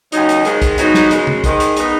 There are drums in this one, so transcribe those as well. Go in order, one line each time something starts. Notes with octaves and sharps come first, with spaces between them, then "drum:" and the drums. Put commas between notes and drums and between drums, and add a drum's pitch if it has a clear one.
D#2 C#3 F#3 D#4, drum: hi-hat
drum: hi-hat
G#2 D#3 G#3, drum: hi-hat
drum: kick, hi-hat
G#2 F#3 B3 D#4, drum: hi-hat
drum: snare
F#2 C#3 G#3, drum: hi-hat
drum: tom
G#2 D#3 G#3, drum: kick, hi-hat
drum: hi-hat
G#3 B3 D#4, drum: hi-hat